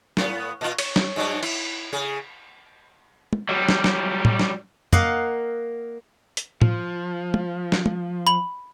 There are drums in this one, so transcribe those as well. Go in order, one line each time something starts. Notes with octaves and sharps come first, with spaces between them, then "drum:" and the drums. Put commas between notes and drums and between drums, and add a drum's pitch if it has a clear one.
A2 B3, drum: snare
A#2 F4
C#5, drum: cymbal
drum: snare
G2 F#3 D4
E4, drum: cymbal
C#3 G#4
drum: tom
F#3 G3
drum: snare
drum: snare
drum: tom A2
drum: snare
A#3 D#5 F5 F#5, drum: tom
drum: hi-hat
F3, drum: tom A2
drum: tom
drum: snare
drum: tom
B5 F#7